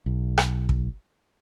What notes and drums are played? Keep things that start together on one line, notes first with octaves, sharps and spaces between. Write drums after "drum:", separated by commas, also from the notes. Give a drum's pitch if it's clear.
B1
drum: rim click
drum: kick